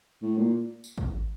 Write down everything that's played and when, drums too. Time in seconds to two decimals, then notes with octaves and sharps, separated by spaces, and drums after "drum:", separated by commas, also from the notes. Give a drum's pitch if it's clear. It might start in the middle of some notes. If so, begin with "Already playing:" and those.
0.22 A2
0.38 A#2
0.84 drum: tambourine
0.98 drum: kick